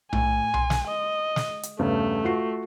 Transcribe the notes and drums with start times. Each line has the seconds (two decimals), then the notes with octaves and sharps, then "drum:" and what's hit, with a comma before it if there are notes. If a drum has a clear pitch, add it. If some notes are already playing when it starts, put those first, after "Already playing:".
0.13 A2 G#5, drum: tom B1
0.54 C6, drum: tom B1
0.70 drum: snare
0.87 D#5
1.36 drum: snare
1.63 drum: hi-hat
1.79 E2 G2 C#3 A3
2.25 F4 F#4 C7